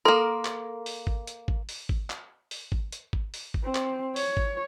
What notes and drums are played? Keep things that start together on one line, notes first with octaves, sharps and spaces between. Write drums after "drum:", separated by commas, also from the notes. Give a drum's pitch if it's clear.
A#3 A4 A#4 C6
drum: clap
drum: open hi-hat
drum: kick G#1
drum: hi-hat
drum: kick G#1
drum: open hi-hat
drum: kick G#1
drum: clap
drum: open hi-hat
drum: kick G#1
drum: hi-hat
drum: kick G#1
drum: open hi-hat
drum: kick G#1
C4
drum: clap
C#5, drum: open hi-hat
drum: kick G#1